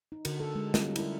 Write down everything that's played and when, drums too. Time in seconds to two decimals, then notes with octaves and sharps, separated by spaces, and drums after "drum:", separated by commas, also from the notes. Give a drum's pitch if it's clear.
0.12 D#4
0.25 D3 F#4 A#4, drum: cymbal
0.40 A4
0.55 G#3
0.74 G3 C#4 F4, drum: snare
0.96 E4 A#4, drum: cymbal